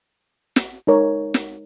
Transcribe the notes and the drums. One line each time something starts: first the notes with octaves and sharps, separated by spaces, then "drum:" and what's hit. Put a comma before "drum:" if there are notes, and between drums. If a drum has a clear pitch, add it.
drum: snare
G#3 D#4 A#4 C#5
drum: snare